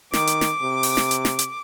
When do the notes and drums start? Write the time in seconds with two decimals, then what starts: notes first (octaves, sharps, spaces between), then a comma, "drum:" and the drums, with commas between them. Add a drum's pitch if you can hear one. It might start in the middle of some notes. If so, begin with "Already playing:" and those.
0.13 D#3 D6, drum: snare
0.27 drum: hi-hat
0.41 drum: snare
0.61 C3
0.83 drum: open hi-hat
0.97 drum: snare
1.11 drum: hi-hat
1.25 drum: snare
1.39 drum: hi-hat